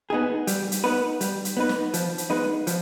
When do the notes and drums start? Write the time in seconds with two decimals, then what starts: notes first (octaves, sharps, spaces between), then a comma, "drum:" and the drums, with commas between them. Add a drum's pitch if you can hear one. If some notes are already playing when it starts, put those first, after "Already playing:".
0.10 B3 D#4 G#4
0.47 G3, drum: hi-hat
0.72 drum: hi-hat
0.84 B3 D#4 B4
1.21 G3, drum: hi-hat
1.45 drum: hi-hat
1.57 B3 D#4 B4
1.69 drum: snare
1.94 F3, drum: hi-hat
2.18 drum: hi-hat
2.30 G#3 B3 D#4 B4
2.67 F3, drum: hi-hat